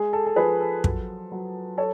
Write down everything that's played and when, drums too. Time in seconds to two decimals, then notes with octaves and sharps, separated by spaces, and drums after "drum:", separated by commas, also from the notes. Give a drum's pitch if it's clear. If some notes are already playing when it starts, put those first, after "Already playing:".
Already playing: G#3 G#4
0.13 A4
0.26 A4
0.36 F3 G#4 B4
0.61 A4
0.84 F#3, drum: kick
1.32 F#3
1.78 A4 C#5